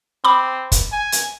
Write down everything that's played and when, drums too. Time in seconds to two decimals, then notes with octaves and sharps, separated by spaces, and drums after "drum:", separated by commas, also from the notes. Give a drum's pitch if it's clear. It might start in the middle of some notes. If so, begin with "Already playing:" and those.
0.25 C4 B5 D6
0.72 drum: kick, hi-hat
0.92 G#5
1.12 drum: hi-hat